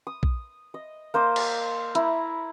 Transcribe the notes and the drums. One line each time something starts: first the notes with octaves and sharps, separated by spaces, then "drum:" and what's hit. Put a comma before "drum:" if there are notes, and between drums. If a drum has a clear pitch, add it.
D#6
drum: kick
D#5
A#3 C5 D#5 D6
drum: cymbal
E4 A#5 B5, drum: hi-hat